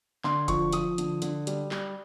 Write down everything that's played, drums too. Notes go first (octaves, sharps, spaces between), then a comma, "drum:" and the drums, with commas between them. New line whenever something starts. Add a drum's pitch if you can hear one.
D3 C6, drum: clap
F3 C#6, drum: kick F1, hi-hat
F3 D#6, drum: hi-hat
D3, drum: hi-hat
D3, drum: hi-hat
G3, drum: hi-hat
G3, drum: clap